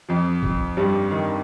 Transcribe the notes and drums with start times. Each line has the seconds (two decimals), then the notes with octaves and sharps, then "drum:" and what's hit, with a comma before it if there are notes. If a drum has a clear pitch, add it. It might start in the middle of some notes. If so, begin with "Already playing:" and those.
0.09 F2 F3
0.43 drum: kick
0.77 G2 G3
1.11 D#3